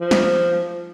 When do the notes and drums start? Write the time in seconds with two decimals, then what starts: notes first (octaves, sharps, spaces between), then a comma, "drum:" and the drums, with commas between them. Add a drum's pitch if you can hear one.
0.01 F3
0.11 drum: snare